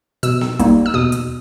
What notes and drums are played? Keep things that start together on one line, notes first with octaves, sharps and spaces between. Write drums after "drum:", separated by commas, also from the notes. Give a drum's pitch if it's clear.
B2 E6, drum: hi-hat
drum: snare B3
G3 A#3 D#4, drum: kick, hi-hat
E6
B2 D#6, drum: tom D#2
drum: hi-hat